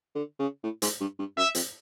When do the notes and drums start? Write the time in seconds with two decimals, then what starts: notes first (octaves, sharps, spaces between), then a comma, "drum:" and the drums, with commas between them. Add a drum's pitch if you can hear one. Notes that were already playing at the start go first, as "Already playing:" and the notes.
0.15 D3
0.39 C#3
0.64 A2
0.82 G#2, drum: hi-hat
1.01 G2
1.19 G2
1.37 F#2 E5
1.55 F2, drum: hi-hat